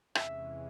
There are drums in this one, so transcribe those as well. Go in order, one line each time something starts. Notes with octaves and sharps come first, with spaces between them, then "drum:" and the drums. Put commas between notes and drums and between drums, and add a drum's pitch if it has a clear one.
E2 C3 E3 G#3 C#4 E5, drum: rim click